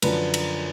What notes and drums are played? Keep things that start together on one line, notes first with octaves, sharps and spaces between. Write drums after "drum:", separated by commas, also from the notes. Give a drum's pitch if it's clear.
F#2 D3 F3 B4, drum: cymbal
drum: cymbal